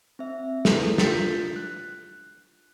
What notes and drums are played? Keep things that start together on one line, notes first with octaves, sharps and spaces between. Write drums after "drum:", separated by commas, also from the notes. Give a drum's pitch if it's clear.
C4 E5
A3 E4 G#4 A4 B4, drum: snare
D4 F4 G6 A6 B6 C7, drum: snare
F#6